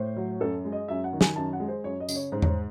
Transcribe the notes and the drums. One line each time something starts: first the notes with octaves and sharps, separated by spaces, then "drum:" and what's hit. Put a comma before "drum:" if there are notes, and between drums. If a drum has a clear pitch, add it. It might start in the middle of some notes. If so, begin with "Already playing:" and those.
Already playing: A2 C5
F#3
F#2 A4
G#3
D#5
F#2 E5
F#5
D#3
G#5, drum: snare
F#2 A5
F#5
G#3
C5
F#2 C#5
D#5
C#3, drum: tambourine
C#5
G#2 C5
C#5, drum: tom E2
C5